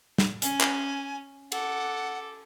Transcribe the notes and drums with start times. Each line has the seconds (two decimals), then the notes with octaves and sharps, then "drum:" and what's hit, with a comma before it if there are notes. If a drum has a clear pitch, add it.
0.18 drum: snare
0.42 C#4 G#5, drum: hi-hat
0.61 drum: clap
1.52 A4 F#5 D6, drum: cymbal